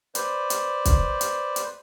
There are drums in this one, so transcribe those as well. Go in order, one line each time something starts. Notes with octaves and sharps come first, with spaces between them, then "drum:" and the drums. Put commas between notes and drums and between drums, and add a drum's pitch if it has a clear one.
B4 C5 D5, drum: hi-hat
drum: hi-hat
drum: kick, hi-hat
drum: hi-hat
drum: hi-hat